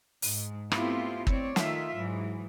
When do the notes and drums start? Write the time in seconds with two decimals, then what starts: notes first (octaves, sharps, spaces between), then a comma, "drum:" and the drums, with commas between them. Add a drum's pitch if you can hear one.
0.22 G#2, drum: open hi-hat
0.72 A3 B3 C4 E4 F4 G4, drum: rim click
1.27 C4 C#5 D5, drum: kick
1.56 D#3 A3 F4 E5, drum: snare
1.95 G#2 E3 F#3